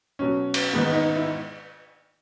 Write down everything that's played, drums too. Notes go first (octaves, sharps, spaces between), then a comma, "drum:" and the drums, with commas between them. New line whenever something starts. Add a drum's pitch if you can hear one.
B2 F#3 C#4
drum: cymbal
G#2 D#3 G#3 B3
D#4
E4